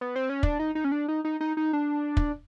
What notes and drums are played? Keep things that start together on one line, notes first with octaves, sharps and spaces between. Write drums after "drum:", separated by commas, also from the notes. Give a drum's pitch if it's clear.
B3
C4
C#4
D4, drum: kick
D#4
D#4
C#4
D4
D#4
D#4
D#4
D#4
D4
drum: kick